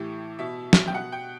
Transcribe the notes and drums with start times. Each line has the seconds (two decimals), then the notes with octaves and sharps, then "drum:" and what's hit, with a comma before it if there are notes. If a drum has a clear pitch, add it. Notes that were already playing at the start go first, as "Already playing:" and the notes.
Already playing: A2 E3 G4
0.39 B2 E5
0.73 drum: snare
0.87 G5
0.94 B2 F#5
1.12 G5